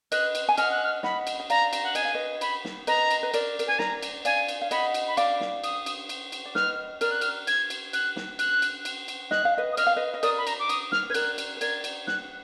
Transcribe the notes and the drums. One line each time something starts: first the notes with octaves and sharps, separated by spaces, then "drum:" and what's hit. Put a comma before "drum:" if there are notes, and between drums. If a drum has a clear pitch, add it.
B4 D#5 F#6, drum: cymbal
drum: cymbal
G#5
D#5 F#5 F6, drum: cymbal
F#6
F6
D#5 F#5 B5, drum: snare
drum: cymbal
D#5
D5 F5 A#5, drum: cymbal
drum: cymbal
F#5
D#5 G#5, drum: cymbal
F5
B4 D#5
B5, drum: cymbal
drum: snare
B4 D#5 A#5, drum: cymbal
drum: cymbal
B4
A#4 D5, drum: cymbal
A#4, drum: cymbal
B4 G#5
A#4 D5 A#5, drum: snare
drum: cymbal
D5 F5 G#5, drum: cymbal
drum: cymbal
F5
D#5 F#5 B5, drum: cymbal
drum: cymbal
B5
D5 F5 D6, drum: cymbal
drum: snare
D#6, drum: cymbal
drum: cymbal
drum: cymbal
drum: cymbal
D5
B4 D#5 F6, drum: snare
A#4 D5 F6, drum: cymbal
F#6
F6, drum: cymbal
G#6, drum: cymbal
drum: cymbal
F#6, drum: cymbal
drum: snare
F#6, drum: cymbal
drum: cymbal
drum: cymbal
drum: cymbal
D#5 F#6, drum: snare
F5
B4 D#5
D#6
D#5 F6, drum: cymbal
F5
B4 D#5
D#5
A#4 D5 D#6, drum: cymbal
B5
A#5, drum: cymbal
D6
D#6, drum: cymbal
F6, drum: snare
B4 G#6
A#4 D5 F#6, drum: cymbal
drum: cymbal
B4
A#4 D5 G#6, drum: cymbal
drum: cymbal
F#6, drum: snare